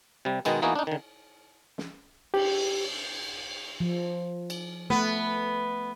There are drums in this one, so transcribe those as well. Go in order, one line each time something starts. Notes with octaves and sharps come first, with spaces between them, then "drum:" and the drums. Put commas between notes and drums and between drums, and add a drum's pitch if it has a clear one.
C3 G3
B2 D#3 G#3 B3, drum: cymbal
E3 A#3 B3 D#4 F#4 G#4
D4 D#4
D3 D#3
drum: snare
G4, drum: cymbal
F3
drum: cymbal
A3 B3 B4